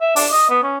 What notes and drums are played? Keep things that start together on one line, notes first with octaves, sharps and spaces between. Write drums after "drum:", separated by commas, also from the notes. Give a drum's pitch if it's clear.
E5
D4, drum: open hi-hat
D#5
B3
C#4